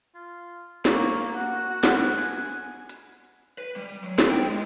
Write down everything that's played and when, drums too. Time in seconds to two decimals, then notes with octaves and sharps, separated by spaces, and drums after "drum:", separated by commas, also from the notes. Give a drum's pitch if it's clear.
0.15 F4
0.85 A#3 C#5, drum: snare
1.34 F#4 F#5
1.84 drum: snare
2.16 G#5
2.89 drum: hi-hat
3.58 B4
3.76 G3
4.04 F#3
4.18 F4, drum: snare
4.30 G5
4.44 G#3